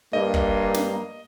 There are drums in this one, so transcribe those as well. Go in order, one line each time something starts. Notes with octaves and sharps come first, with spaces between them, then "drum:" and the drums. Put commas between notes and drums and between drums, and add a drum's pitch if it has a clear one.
G2 A#3 D#5
drum: kick
drum: snare